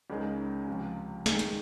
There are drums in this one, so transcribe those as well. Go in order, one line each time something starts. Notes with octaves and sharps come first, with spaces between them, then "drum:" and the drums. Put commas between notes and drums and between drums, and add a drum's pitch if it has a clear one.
C#2 C#3 G#3 D#4 A#4
C#2 C3 F3
D#3 G#3 D#4 G#4, drum: snare
drum: hi-hat